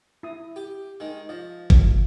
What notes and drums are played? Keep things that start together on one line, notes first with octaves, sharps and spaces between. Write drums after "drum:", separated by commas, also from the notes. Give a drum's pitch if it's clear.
E4 D#6
G4
D#3 G#3
F3 D#5
drum: kick G1